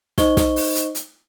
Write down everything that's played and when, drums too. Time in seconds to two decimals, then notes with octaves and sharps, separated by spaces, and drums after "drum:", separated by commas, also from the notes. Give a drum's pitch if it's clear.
0.18 D#4 C5 D#5 C#6 G7, drum: snare
0.37 drum: snare
0.56 drum: open hi-hat
0.75 drum: hi-hat
0.95 drum: hi-hat